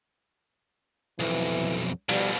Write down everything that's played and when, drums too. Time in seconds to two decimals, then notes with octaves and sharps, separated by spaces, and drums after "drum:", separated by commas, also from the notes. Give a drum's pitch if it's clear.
1.19 B1 F2 E3
2.09 B2 F3 G3, drum: cymbal